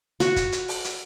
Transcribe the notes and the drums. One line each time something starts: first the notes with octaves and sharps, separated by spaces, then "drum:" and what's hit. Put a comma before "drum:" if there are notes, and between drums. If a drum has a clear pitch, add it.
F#4, drum: hi-hat
drum: kick, hi-hat
drum: hi-hat
drum: open hi-hat
drum: hi-hat